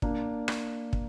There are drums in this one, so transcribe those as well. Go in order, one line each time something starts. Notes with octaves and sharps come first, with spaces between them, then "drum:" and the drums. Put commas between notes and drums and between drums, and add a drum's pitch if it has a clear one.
A#3 D4, drum: kick
drum: rim click
drum: kick